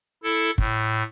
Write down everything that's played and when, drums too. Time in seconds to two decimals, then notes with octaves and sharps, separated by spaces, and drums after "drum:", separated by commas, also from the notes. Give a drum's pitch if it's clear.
0.23 E4 A4
0.58 A2, drum: kick